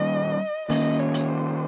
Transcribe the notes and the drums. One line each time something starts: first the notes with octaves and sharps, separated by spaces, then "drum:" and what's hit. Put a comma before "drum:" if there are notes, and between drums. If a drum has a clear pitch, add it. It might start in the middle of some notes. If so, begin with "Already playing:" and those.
Already playing: D#3 G3 A#3 C#4 D#5
D#3 A#3 C#4 D#5, drum: open hi-hat
C#5
drum: hi-hat
C5